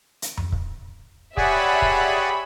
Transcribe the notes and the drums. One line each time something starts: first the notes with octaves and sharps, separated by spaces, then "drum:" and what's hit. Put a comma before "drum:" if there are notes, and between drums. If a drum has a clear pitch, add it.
drum: hi-hat
drum: tom F2
drum: kick C#1
G4 G#4 C#5 D5 E5 F#5 G#5 B5, drum: kick C#1
drum: kick C#1